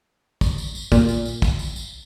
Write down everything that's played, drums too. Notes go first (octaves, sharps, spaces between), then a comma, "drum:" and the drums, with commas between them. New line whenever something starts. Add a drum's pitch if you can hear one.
drum: kick, tambourine
drum: tambourine
drum: tambourine
A#2, drum: kick, tambourine
drum: tambourine
drum: tambourine
drum: kick, tambourine
drum: tambourine
drum: tambourine